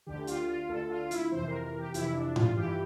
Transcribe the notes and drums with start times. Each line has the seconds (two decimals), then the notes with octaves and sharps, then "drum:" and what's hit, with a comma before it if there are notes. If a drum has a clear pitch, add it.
0.06 D2 D3 G4
0.27 F4, drum: hi-hat
0.48 F4
0.69 D2 D3 A4
0.90 F4
1.11 E4, drum: hi-hat
1.32 F2 C3 E3 C5
1.47 A#4
1.63 A#4
1.78 G4
1.94 F2 C3 E3 E4, drum: hi-hat
2.15 D4
2.36 F4, drum: tom G#2
2.56 G2 E3 G4